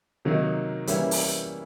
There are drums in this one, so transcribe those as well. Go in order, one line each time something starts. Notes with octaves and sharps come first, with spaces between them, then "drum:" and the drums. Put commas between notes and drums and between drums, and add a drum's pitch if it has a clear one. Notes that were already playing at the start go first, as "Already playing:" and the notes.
C3 D#3 F#3 A#3 D#4
E3 G3 A#3 C#4 E4, drum: hi-hat
drum: open hi-hat